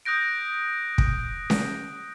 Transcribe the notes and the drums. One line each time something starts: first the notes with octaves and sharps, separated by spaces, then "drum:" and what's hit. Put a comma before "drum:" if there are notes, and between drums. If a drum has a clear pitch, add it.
D#6 F#6 G6 A#6 D7
drum: kick
drum: snare C#4